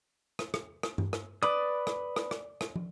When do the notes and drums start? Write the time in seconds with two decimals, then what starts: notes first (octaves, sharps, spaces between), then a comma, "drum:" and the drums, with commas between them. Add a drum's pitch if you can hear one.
0.39 drum: rim click
0.54 drum: rim click
0.83 drum: rim click
0.98 drum: tom G2
1.13 drum: rim click
1.43 B4 D5 B5 D#6
1.87 drum: rim click
2.16 drum: rim click
2.31 drum: rim click
2.61 drum: rim click
2.76 drum: tom